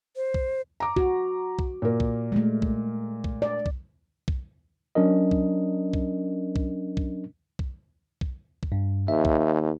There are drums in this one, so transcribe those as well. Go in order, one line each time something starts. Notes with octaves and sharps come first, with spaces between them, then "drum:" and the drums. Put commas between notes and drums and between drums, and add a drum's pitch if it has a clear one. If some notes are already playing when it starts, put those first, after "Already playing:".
C5
drum: kick B1
A#5 D6
F#4, drum: kick B1
drum: kick B1
A#2 A#4
drum: kick B1
G#3 A3
drum: kick B1
drum: kick B1
D5
drum: kick B1
drum: kick B1
F#3 C#4 D4 A#4 D#5
drum: kick B1
drum: kick B1
drum: kick B1
drum: kick B1
drum: kick B1
drum: kick B1
drum: kick B1
G2
D#2 E5
drum: kick B1